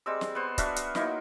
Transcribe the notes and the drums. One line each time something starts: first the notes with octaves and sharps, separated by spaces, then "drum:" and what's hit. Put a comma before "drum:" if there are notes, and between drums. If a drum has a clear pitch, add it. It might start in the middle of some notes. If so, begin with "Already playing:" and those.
G3 G#3 C4 E6
drum: snare
B3 C5
D4 F#4 E5 F5, drum: kick, hi-hat
drum: hi-hat
F#3 A#3 D#4 E4, drum: snare